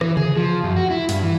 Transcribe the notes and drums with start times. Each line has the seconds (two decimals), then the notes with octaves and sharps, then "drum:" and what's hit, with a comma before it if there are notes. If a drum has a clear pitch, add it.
0.01 E3, drum: rim click
0.17 G#4, drum: tom C3
0.37 F3
0.64 F#2
0.76 F#4
0.91 E4
1.09 G2, drum: open hi-hat
1.23 E3